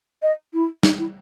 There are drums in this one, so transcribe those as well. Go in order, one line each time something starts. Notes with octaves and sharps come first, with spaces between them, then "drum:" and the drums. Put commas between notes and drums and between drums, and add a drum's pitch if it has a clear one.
D#5
E4
D#4, drum: snare
E4